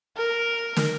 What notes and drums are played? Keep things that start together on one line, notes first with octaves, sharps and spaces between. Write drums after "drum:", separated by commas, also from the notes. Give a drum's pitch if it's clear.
A#4
drum: snare